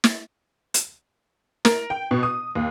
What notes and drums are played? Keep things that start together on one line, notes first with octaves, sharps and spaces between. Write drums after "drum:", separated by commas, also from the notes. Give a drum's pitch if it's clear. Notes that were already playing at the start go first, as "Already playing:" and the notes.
drum: snare
drum: hi-hat
A#4, drum: snare
G5
B2
D#6
D#2